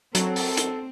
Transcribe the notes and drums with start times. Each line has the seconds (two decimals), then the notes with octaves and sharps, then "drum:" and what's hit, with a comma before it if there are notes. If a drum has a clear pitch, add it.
0.15 F#3 C4 A4, drum: hi-hat
0.36 drum: open hi-hat
0.57 drum: hi-hat